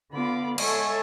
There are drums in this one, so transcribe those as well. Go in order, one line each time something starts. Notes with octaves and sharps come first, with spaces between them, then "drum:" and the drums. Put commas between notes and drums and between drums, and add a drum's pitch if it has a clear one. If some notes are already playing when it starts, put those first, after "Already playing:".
D3 B3 F4 F5 B5 D6
G#3 A4 C#5 E5 G#5, drum: cymbal